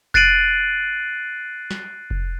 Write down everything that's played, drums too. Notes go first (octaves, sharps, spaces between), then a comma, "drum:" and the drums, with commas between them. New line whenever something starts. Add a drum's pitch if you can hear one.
F#6 A6 C7 D7 D#7 F#7, drum: kick F1
drum: snare
drum: kick F1